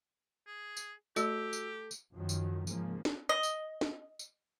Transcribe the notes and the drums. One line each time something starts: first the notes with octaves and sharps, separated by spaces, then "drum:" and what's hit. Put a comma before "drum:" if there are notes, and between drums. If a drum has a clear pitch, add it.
G#4
drum: tambourine
A3 F#4 G4 A4 D5 E6, drum: tambourine
drum: tambourine
drum: tambourine
F#2 D#3 F3 F#3
drum: tambourine
G#2 C#3 F3 A#3, drum: tambourine
drum: snare
D#5
drum: tambourine
drum: snare
drum: tambourine